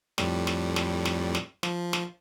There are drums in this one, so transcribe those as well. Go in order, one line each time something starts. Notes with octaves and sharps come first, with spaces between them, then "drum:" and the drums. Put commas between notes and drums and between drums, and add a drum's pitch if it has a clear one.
F2 A2 G3, drum: snare
drum: snare
drum: snare
drum: snare
drum: snare
F3, drum: snare
drum: snare